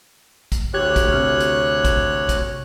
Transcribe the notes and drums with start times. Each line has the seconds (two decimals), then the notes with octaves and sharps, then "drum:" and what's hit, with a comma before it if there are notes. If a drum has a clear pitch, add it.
0.52 drum: kick, hi-hat
0.74 D2 G4 C#5 F#6 G#6
0.96 drum: kick, hi-hat
1.12 C3 F6
1.40 drum: hi-hat
1.85 drum: kick, hi-hat
2.29 drum: kick, hi-hat